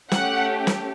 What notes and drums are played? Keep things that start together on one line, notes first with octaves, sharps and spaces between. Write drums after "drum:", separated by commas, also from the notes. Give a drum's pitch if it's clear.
A3 C#4 G4 F#5, drum: snare
drum: snare